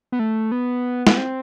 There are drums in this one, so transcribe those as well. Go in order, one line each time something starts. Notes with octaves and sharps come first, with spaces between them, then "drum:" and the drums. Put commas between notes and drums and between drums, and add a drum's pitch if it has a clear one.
B3
A3
B3
B3, drum: snare
C4